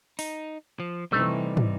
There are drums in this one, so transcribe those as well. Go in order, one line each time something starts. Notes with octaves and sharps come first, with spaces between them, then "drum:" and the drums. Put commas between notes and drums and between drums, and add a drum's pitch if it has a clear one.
D#4, drum: open hi-hat
F3
C3 E3 G3 A3 D#4
drum: tom